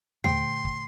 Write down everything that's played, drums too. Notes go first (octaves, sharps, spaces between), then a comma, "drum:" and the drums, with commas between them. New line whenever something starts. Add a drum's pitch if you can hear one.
A#2 D3 A3 G5 C6 C7, drum: tom D#2
drum: kick